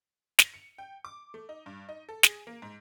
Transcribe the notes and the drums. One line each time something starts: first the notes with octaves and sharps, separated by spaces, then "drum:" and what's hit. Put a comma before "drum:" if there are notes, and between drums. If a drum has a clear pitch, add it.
F7, drum: snare
C#7
G5
D6
A3
D#4
G2
D#4
A4
G#4, drum: snare
A#3
G#2